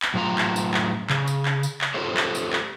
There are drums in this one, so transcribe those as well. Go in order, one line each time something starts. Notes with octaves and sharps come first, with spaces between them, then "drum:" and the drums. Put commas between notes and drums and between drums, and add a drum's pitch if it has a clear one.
drum: clap
A2 F#3 F4 F5 A#5
drum: clap
drum: tambourine
drum: clap
C#3, drum: clap
drum: tambourine
drum: clap
drum: tambourine
drum: clap
F4 G4 A4 C5 C#5
drum: clap
drum: tambourine
drum: clap